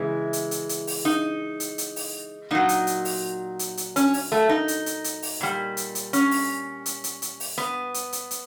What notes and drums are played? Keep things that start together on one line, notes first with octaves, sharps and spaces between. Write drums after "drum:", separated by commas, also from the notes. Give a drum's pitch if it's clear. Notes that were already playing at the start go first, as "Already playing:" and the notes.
Already playing: C#3 E3 G#3 E4
drum: hi-hat
drum: hi-hat
drum: hi-hat
drum: open hi-hat
D#4
drum: hi-hat
drum: hi-hat
drum: open hi-hat
A#2 F#3 D#4
drum: hi-hat
drum: hi-hat
drum: open hi-hat
drum: hi-hat
drum: hi-hat
C#4, drum: hi-hat
drum: open hi-hat
A3
D#4
drum: hi-hat
drum: hi-hat
drum: hi-hat
drum: open hi-hat
A#2 G3
drum: hi-hat
drum: hi-hat
C#4, drum: hi-hat
drum: open hi-hat
drum: hi-hat
drum: hi-hat
drum: hi-hat
drum: open hi-hat
B3
drum: hi-hat
drum: hi-hat
drum: hi-hat